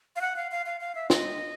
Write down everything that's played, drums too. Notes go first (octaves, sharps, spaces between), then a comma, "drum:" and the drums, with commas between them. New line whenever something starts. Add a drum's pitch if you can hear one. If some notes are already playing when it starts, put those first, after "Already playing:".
F5
F#5
F5
F5
F5
F5
E5
D#5, drum: snare